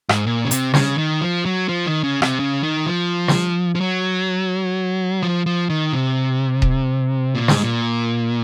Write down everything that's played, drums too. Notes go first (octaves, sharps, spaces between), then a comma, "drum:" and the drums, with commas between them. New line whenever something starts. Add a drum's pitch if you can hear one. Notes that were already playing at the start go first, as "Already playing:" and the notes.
G#2, drum: rim click
A#2
C#3
C3, drum: hi-hat
C#3, drum: snare
D#3
F3
F#3
F3
D#3
C#3
C3, drum: rim click
C#3
D#3
F3
drum: snare
F3
F#3
F3
F3
D#3
C3
drum: kick D#1
A#2
G#2, drum: snare
A#2